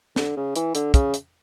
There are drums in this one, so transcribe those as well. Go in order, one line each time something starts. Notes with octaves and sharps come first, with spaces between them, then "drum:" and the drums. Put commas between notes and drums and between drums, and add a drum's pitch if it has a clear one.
D3, drum: snare
C#3
E3, drum: hi-hat
D3, drum: hi-hat
C#3, drum: kick, hi-hat
drum: hi-hat